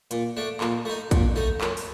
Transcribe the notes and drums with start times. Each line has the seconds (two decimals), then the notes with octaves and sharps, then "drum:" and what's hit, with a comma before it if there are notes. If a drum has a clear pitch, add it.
0.11 A#2, drum: hi-hat
0.37 A3 D4
0.61 A#2, drum: clap
0.85 A3 D#4
1.11 A#2, drum: kick, hi-hat
1.36 A3 D#4
1.61 F#2, drum: clap
1.77 drum: open hi-hat